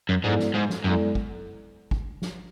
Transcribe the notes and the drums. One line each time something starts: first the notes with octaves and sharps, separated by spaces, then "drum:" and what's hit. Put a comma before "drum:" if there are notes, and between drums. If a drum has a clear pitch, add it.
F#2
G#2 G#3 B3 E4 A4 D5
drum: snare
G#2
drum: snare
F#2 G#3 B3 E4 A4 D5
drum: kick
drum: kick
drum: snare